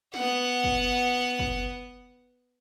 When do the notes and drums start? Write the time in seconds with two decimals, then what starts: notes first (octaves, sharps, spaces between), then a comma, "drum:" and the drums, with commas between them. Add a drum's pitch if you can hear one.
0.14 B3 F#5, drum: snare
0.64 drum: kick
1.39 drum: kick